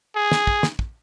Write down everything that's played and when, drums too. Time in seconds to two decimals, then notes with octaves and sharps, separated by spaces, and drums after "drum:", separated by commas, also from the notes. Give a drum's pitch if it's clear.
0.16 G#4
0.32 drum: snare
0.47 drum: kick
0.63 drum: snare
0.79 drum: kick